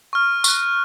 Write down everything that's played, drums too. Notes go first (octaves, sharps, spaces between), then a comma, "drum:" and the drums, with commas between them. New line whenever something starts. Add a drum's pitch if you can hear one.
C#6 F6
C#6 F#6, drum: tambourine